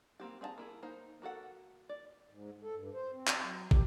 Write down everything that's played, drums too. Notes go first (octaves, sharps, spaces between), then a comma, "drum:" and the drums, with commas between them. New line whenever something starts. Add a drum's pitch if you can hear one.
A#3 C4 G4
C4 G#4 E5 A5 A#5
A#3 E4 G#4
A#3 D#4 C5
A#3 F#4 A4 F#5
D5
G#2
A4
G2
C5
C4
drum: clap
F#3
G4, drum: kick